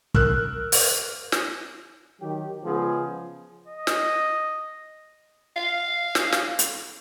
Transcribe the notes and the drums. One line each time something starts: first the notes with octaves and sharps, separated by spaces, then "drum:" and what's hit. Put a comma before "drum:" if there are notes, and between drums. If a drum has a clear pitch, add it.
A#4 E6 F#6, drum: kick
drum: open hi-hat
drum: snare
D#3 F#3 G4
C#3 F3 G#3 B3 G#4
D#5
drum: snare
F5
drum: snare
drum: snare
drum: hi-hat